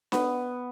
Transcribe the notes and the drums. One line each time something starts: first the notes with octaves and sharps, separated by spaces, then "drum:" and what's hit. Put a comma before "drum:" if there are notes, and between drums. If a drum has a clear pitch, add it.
B3, drum: snare D4